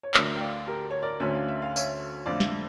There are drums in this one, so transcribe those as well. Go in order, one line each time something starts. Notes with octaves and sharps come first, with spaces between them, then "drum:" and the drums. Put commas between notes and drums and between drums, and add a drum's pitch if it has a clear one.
C#5
D2 D3 A3 A#4 D5, drum: clap
G5
D5 F5
G4 A#4
C#5
A#4 D5
D2 D3 A3 C#4 E5
F5
E5
F5
C#5 E5, drum: tambourine
F2 D3 A3 D5 F5
drum: snare